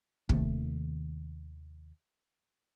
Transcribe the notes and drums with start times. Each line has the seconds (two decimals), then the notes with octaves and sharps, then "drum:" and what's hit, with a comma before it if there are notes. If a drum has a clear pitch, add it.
0.29 D#2 C3 D#3 A3, drum: kick